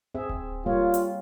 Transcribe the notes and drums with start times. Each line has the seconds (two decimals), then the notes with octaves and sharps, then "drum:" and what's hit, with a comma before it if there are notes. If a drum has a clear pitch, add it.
0.14 C4 G#4 E5
0.29 drum: kick D1
0.66 G3 A#3 F4 C#5
0.94 drum: hi-hat